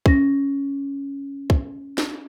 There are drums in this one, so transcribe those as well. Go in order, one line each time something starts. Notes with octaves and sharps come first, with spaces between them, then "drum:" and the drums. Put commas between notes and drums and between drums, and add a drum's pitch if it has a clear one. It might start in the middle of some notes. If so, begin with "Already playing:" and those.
C#4 A#6, drum: kick
drum: kick
drum: snare